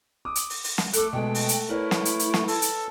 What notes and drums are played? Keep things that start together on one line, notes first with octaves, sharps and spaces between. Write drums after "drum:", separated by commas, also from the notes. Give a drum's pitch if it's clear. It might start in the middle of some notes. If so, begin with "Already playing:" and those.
D6 D#6
drum: hi-hat
drum: open hi-hat
drum: open hi-hat
drum: snare
A3 A4 D6 F#6, drum: hi-hat
B2 G#3 G5
drum: open hi-hat
drum: hi-hat
E4 A#4 B4 C#5
drum: snare
drum: hi-hat
drum: hi-hat
drum: snare
A4, drum: open hi-hat
drum: hi-hat